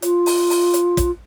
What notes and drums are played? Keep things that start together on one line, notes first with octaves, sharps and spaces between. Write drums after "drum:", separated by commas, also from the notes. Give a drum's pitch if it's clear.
F4, drum: hi-hat
drum: open hi-hat
drum: open hi-hat
drum: hi-hat
drum: kick, hi-hat